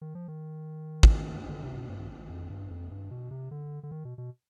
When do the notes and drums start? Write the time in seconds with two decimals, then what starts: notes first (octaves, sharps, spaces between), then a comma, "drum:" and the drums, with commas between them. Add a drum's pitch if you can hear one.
0.01 D#3
0.15 F3
0.28 D#3
1.03 drum: kick
1.49 D3
1.63 C3
1.76 B2
1.90 G2
2.30 F2
2.50 G2
2.70 F2
2.91 G2
3.11 B2
3.31 C3
3.51 D3
3.83 D3
3.91 D#3
4.05 B2
4.18 B2